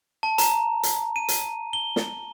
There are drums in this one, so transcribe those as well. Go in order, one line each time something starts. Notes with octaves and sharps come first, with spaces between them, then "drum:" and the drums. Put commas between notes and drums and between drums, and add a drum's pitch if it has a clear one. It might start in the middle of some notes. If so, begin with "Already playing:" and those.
A5
A#5, drum: hi-hat
drum: hi-hat
D#7
drum: hi-hat
G7
drum: snare